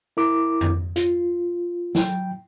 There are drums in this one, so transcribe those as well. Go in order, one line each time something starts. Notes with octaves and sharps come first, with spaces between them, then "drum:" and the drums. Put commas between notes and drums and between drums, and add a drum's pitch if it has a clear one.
E4 A#4 D6
drum: tom F2
F4, drum: hi-hat
F#3 G5, drum: snare